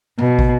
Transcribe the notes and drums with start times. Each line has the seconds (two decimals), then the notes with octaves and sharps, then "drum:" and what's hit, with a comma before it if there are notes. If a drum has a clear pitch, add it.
0.19 B2, drum: tom G#2
0.39 drum: kick